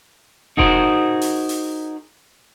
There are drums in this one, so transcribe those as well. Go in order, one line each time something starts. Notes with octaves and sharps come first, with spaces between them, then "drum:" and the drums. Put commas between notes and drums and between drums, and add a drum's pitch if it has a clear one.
D#4 F#4 G#4 A#4 C5, drum: kick E1
drum: open hi-hat
drum: open hi-hat